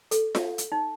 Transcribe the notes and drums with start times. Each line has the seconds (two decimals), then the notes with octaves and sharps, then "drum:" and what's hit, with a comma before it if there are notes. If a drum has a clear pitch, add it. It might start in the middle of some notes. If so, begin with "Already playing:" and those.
0.11 A4, drum: hi-hat
0.35 drum: snare F4
0.58 drum: hi-hat
0.72 D#4